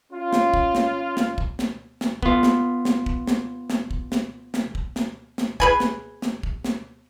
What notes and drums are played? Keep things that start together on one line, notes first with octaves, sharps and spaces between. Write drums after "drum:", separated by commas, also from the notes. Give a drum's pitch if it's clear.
C#4 F4
drum: snare
drum: kick
drum: snare
drum: snare
drum: kick
drum: snare
drum: snare
B3 F4, drum: kick
drum: snare
drum: snare
drum: kick
drum: snare
drum: snare
drum: kick
drum: snare
drum: snare
drum: kick
drum: snare
drum: snare
G#4 B4 G#5, drum: kick
drum: snare
drum: snare
drum: kick
drum: snare